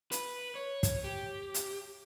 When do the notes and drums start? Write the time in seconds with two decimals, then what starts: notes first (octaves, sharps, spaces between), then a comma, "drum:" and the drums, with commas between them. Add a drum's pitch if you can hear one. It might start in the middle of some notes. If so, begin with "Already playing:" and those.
0.12 B4, drum: hi-hat
0.55 C#5
0.83 drum: kick, hi-hat
1.04 G4
1.54 drum: hi-hat